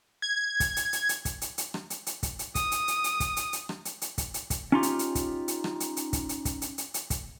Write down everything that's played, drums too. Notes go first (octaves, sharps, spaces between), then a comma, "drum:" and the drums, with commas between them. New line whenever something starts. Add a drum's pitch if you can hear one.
G#6
drum: kick, hi-hat
drum: hi-hat
drum: hi-hat
drum: hi-hat
drum: kick, hi-hat
drum: hi-hat
drum: hi-hat
drum: rim click
drum: hi-hat
drum: hi-hat
drum: kick, hi-hat
drum: hi-hat
D#6, drum: kick, hi-hat
drum: hi-hat
drum: hi-hat
drum: hi-hat
drum: kick, hi-hat
drum: hi-hat
drum: hi-hat
drum: rim click
drum: hi-hat
drum: hi-hat
drum: kick, hi-hat
drum: hi-hat
drum: kick, hi-hat
C#4 D#4 F4 G4
drum: hi-hat
drum: hi-hat
drum: kick, hi-hat
drum: hi-hat
drum: rim click
drum: hi-hat
drum: hi-hat
drum: kick, hi-hat
drum: hi-hat
drum: kick, hi-hat
drum: hi-hat
drum: hi-hat
drum: hi-hat
drum: kick, hi-hat